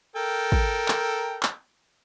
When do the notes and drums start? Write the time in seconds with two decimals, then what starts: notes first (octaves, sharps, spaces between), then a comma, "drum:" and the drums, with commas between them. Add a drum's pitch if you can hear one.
0.16 A4 A#4 G5
0.52 drum: kick
0.88 drum: clap
1.43 drum: clap